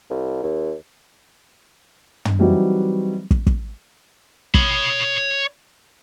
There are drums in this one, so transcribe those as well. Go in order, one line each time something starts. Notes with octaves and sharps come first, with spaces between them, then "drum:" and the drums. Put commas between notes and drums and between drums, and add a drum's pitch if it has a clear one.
C2
D#2
drum: tom
E3 F#3 G3 C4 D#4 F#4
drum: kick
drum: kick
C#5 B5, drum: kick